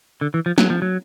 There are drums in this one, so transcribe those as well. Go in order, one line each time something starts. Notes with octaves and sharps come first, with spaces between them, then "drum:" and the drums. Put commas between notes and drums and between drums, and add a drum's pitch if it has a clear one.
D3
E3
F3
F#3, drum: snare
F3
F#3